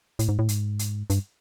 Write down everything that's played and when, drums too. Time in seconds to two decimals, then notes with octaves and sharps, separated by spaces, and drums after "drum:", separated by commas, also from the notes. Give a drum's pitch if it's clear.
0.19 A2, drum: hi-hat
0.29 G#2
0.39 A2
0.49 G#2, drum: hi-hat
0.79 drum: hi-hat
1.10 G2, drum: hi-hat